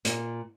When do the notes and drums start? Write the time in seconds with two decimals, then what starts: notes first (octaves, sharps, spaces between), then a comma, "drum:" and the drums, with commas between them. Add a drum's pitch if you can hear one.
0.05 A#2, drum: hi-hat